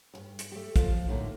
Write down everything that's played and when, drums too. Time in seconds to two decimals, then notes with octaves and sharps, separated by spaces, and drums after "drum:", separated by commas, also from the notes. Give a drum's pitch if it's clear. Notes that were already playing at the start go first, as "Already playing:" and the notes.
0.14 D2 G2
0.39 drum: hi-hat
0.52 A3 G4
0.76 F3 F4, drum: kick, hi-hat
1.08 A2 D3 A#3 D#4